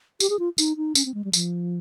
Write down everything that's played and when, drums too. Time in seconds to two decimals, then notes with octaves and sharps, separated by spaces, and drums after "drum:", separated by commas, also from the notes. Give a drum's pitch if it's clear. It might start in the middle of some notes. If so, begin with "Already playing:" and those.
0.20 G4, drum: tambourine
0.30 G#4
0.39 F4
0.58 D#4, drum: tambourine
0.77 D#4
0.95 C#4, drum: tambourine
1.05 C4
1.14 G#3
1.24 G3
1.33 F3, drum: tambourine